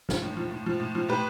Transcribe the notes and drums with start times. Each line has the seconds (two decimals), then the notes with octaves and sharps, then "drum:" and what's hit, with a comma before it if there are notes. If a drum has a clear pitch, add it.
0.09 F3, drum: snare
0.22 A2
0.37 F3
0.51 A2
0.66 F3
0.80 A2
0.95 F3
1.08 A2 G4 B4